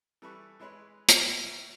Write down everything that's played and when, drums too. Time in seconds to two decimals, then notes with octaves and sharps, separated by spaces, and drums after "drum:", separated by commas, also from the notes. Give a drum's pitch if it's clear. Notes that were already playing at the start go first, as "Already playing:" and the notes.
0.22 E3 G3 A4 B4 E5 C#6
0.60 E3 G#3 B4 C#5 B5 C6
1.09 drum: hi-hat
1.20 G#1 B2 E4 G5 A#5